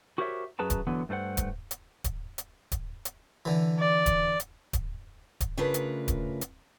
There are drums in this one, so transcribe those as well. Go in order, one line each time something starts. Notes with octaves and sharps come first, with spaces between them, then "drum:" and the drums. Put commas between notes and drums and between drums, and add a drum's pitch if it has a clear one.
F#4 G4 A#4 C5 C#5 E5
F#2 F#3 G#4 B4 A5 A#5
drum: kick D1, hi-hat
D3 E3 F#3 B3
G2 A3 D4 C5 F#5
drum: kick D1, hi-hat
drum: hi-hat
drum: kick D1, hi-hat
drum: hi-hat
drum: kick D1, hi-hat
drum: hi-hat
D3 E3
D5
drum: kick D1, hi-hat
drum: hi-hat
drum: kick D1, hi-hat
drum: kick D1, hi-hat
C#3 A3 D4 F4 A#4 B4
drum: hi-hat
drum: kick D1, hi-hat
drum: hi-hat